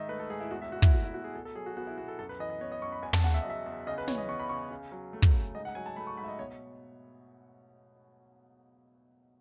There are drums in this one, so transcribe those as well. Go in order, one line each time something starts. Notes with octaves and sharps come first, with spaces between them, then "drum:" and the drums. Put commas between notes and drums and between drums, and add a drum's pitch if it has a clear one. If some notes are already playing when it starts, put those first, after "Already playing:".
Already playing: G#2 D#3 D#5 E5
A3 B4
A4
G#2 G#4
E4
E2 F#4
E5
B2 F#4
E4, drum: kick
A3 F#4
E4
E2 F#4
G#4
B2 A4
A4
F#3 G#4
F#4
B3 F#4
E4
B2 F#4
A4
F#2 A4
B4
E3 D#5
D#5
B3 C#5
D#5
F#2 C#6
B5
E2 G#5
A5, drum: tom
C#3 F#5
E5
D#5
F#3 E5
E2
C#3 D#5
B4
E3 C#5, drum: snare
D#5
B3 C#6
B5
C#3 C#6
C#3
F#3
A3
drum: kick
C#3
G#2 D#5
F#5
F#3 G#5
A5
A3 B5
C#6
G#2 B5
E5
D#5
B2 C#5